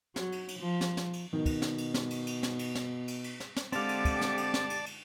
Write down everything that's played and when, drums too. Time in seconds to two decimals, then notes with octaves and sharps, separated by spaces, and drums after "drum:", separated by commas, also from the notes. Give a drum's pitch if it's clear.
0.16 F#3, drum: snare
0.32 drum: cymbal
0.48 drum: cymbal
0.59 F3
0.81 drum: snare
0.97 drum: snare
1.13 drum: cymbal
1.33 B2 D#3
1.46 drum: kick, cymbal
1.62 drum: snare
1.78 drum: cymbal
1.94 drum: snare
2.11 drum: cymbal
2.27 drum: cymbal
2.43 drum: snare
2.59 drum: cymbal
2.75 drum: snare
3.08 drum: cymbal
3.24 drum: cymbal
3.40 drum: snare
3.56 drum: snare
3.72 D3 G#3 C4 G4 D5 F5 A5 D6, drum: cymbal
3.89 drum: cymbal
4.05 drum: kick, cymbal
4.21 drum: snare
4.37 drum: cymbal
4.54 drum: snare
4.70 drum: cymbal
4.86 drum: cymbal